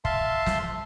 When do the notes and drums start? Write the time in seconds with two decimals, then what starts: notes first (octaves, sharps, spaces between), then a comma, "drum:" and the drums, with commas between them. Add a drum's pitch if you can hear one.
0.05 E5 F5 A5 C6, drum: kick
0.46 drum: snare